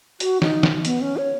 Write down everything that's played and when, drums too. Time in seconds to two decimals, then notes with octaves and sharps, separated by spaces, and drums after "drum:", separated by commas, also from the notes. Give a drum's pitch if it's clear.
0.20 F#4, drum: hi-hat
0.42 D#4, drum: snare
0.63 drum: snare
0.85 B3, drum: hi-hat
1.01 C#4
1.17 C#5